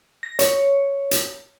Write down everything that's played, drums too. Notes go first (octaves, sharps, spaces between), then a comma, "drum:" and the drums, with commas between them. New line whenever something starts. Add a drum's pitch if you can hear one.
A#6
C#5, drum: hi-hat
drum: hi-hat